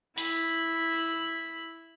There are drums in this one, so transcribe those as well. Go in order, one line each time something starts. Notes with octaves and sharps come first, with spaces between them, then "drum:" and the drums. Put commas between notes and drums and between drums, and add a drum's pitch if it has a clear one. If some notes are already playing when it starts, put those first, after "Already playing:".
E4 B5, drum: open hi-hat